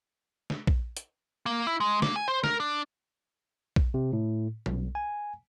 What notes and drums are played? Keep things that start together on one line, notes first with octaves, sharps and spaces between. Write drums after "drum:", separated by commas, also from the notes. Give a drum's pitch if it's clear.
drum: snare
drum: kick A#1
drum: hi-hat
A#3
E4
G#3
A#3, drum: snare
G#5
C5
A#4, drum: snare
D4
drum: kick A#1
C3
A2
B1, drum: tom A#2
G#5